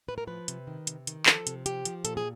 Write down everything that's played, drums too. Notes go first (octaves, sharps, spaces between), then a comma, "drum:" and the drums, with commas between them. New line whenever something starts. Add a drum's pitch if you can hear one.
A2 B4
A#4
F3 B4
C3, drum: hi-hat
D#3
C3, drum: hi-hat
D#3, drum: hi-hat
F3 A4, drum: clap
C3, drum: hi-hat
F3 G4, drum: hi-hat
F3, drum: hi-hat
A#2 A4, drum: hi-hat
G#4